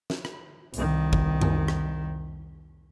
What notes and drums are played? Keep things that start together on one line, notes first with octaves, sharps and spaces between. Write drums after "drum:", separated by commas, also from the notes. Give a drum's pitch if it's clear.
drum: snare
drum: rim click
C2 D#3, drum: hi-hat
drum: kick G#1
drum: tom F2
drum: rim click